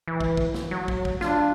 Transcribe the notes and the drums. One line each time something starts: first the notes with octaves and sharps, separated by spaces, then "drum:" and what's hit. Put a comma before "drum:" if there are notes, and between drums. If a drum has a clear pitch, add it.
E3
drum: kick
drum: kick
drum: snare
F#3
drum: kick
drum: kick
D4 F4, drum: snare